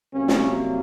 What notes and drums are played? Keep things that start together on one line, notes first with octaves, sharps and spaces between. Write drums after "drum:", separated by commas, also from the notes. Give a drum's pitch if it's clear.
C2 C3 F#3 A#3 C#4
drum: snare